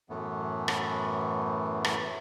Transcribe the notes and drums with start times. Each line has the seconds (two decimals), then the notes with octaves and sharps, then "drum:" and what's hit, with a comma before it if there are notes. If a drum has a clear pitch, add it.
0.10 F#2 A2 E3 A3 B3
0.68 drum: rim click
1.84 drum: rim click